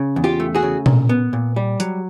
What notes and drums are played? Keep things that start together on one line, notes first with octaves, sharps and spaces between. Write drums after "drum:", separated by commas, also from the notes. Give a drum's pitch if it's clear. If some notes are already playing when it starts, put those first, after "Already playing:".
Already playing: C#3
E2
F4 G4
A3
F#4 G#4
C#3
A#2, drum: tom B2
B3
A#2
G3
F#3, drum: hi-hat